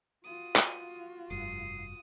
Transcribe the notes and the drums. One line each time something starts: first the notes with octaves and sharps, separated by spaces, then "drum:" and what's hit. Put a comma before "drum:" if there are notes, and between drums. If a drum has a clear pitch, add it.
F4 F#4 D#6
drum: clap
F1 G2 D#6 C7